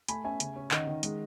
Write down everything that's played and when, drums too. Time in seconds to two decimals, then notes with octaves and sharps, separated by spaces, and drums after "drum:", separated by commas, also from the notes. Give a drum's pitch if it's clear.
0.08 A3 G#5 B5, drum: hi-hat
0.24 C#4 E5 G#5
0.40 C#3, drum: hi-hat
0.56 C#4
0.71 D#3 D#5 F#5, drum: clap
0.87 D#3
1.03 G#3, drum: hi-hat